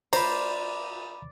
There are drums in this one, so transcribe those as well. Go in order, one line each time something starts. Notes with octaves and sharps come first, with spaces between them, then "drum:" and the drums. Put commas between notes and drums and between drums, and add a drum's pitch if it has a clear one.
C5 D5 A#5 B5, drum: cymbal